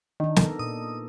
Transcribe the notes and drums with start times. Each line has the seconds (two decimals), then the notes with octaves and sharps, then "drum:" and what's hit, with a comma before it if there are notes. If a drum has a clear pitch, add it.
0.20 D#3 D4 D#4
0.36 B3 A4 A#4, drum: snare
0.59 A#2 D#6